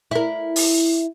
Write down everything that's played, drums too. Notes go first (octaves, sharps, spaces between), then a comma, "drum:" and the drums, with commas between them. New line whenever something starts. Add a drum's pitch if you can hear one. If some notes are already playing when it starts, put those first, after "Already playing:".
E4 A#4
drum: open hi-hat